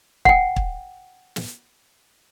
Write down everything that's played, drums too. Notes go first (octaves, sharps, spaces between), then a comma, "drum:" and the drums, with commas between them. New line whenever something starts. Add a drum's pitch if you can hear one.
F#5 G5, drum: kick
drum: kick
drum: snare